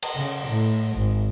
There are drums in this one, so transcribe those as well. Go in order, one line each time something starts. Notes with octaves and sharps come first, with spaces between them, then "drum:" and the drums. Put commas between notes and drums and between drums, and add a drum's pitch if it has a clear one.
drum: cymbal
C#3
A2
G#1